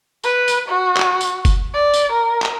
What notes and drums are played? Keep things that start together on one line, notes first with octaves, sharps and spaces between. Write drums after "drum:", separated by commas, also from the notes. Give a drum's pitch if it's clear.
B4, drum: tambourine
drum: tambourine
F#4
drum: clap
drum: tambourine
drum: kick F#1, tambourine
D5
drum: tambourine
A#4
drum: clap